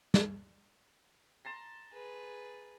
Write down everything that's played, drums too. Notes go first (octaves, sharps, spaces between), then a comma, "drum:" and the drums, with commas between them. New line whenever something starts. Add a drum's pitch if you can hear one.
drum: snare
A5 A#5 C6
G#4 B4